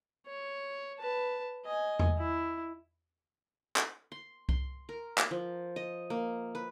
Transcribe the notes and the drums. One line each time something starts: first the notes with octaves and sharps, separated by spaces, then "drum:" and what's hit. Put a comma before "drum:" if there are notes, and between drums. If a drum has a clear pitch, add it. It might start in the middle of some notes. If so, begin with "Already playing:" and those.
C#5
B4 A5
D#5 G#5
drum: tom E2
E4
drum: clap
C6
C6, drum: kick C2
A#4
drum: clap
F3
D#5
A#3
B4